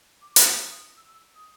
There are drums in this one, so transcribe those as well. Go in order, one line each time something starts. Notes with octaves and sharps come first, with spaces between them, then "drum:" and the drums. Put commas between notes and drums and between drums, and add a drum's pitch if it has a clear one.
D6
drum: hi-hat
D#6
E6
D#6